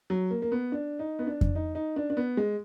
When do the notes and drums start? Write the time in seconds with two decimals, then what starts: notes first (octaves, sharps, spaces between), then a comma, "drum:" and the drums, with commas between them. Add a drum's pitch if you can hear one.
0.10 F#3
0.31 A#3
0.42 A#3
0.52 B3
0.72 D4
0.99 D#4
1.19 B3
1.27 D4
1.41 drum: kick F2
1.55 D#4
1.75 D#4
1.96 D4
2.10 D4
2.17 B3
2.37 G#3